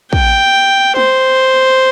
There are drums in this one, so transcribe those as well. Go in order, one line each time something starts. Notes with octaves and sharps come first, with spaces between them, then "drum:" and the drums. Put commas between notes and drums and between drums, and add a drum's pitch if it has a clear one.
G5, drum: kick
C5, drum: tom